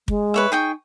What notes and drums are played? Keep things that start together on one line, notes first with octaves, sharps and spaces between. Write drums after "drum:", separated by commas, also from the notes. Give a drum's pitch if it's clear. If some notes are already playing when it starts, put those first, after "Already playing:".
G#3, drum: kick
B4 C#5 E5
D#4 G#4 G5 C#6